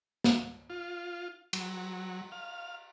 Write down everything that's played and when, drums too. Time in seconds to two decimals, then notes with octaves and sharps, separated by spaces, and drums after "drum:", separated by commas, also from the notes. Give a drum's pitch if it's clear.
0.24 drum: snare
0.70 F4
1.53 F#3, drum: cymbal
2.32 F5